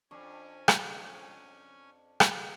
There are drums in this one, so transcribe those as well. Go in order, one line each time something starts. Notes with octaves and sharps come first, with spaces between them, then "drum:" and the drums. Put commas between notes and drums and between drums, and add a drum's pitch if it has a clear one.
F2 C#4 D4 G#5 C#6
drum: rim click
drum: rim click